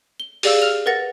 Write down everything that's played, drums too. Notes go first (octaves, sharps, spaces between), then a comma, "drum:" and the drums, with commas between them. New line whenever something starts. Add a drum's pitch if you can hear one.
G7
G4 G#4 D5 F5 E6, drum: open hi-hat
F6 F7
A#4 B4 F#5 A6 A#6 C#7